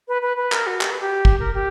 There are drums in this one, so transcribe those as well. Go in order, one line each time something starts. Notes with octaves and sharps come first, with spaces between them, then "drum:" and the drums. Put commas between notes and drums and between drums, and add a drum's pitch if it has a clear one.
B4
B4
B4
A#4, drum: clap
F#4
G4, drum: clap
B4
G4
drum: kick
A#4
G4